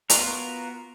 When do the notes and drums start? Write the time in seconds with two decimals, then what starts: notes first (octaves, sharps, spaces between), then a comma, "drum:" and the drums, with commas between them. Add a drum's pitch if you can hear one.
0.10 B3 F4 F#4 A#4, drum: hi-hat